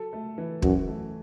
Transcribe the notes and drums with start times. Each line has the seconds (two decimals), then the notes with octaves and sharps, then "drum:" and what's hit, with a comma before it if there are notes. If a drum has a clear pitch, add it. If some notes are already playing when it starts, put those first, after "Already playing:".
Already playing: F#3 A4
0.13 A3
0.38 E3
0.62 F#2 F#4, drum: kick
0.87 A3